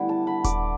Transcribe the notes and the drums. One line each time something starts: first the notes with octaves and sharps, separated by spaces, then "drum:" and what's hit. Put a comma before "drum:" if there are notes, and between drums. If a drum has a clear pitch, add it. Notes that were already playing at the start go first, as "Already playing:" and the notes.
Already playing: D3 G3 B3 E4 B5
A5
B5
D6, drum: kick D#1, hi-hat